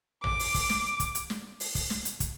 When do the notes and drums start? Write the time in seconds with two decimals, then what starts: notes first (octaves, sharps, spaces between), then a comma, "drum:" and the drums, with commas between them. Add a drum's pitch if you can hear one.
0.24 D6, drum: tom A1
0.39 drum: open hi-hat
0.55 drum: kick, open hi-hat
0.70 drum: snare
1.00 drum: kick, hi-hat
1.15 drum: hi-hat
1.30 drum: snare
1.60 drum: open hi-hat
1.75 drum: kick, open hi-hat
1.90 drum: snare
2.05 drum: hi-hat
2.20 drum: kick, hi-hat